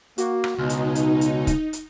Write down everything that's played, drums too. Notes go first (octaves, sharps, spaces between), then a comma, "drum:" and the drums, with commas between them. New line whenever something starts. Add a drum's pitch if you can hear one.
A#3 F#4, drum: hi-hat
drum: rim click
C#2 B2 D#4
drum: hi-hat
drum: hi-hat
drum: hi-hat
drum: kick, hi-hat
drum: hi-hat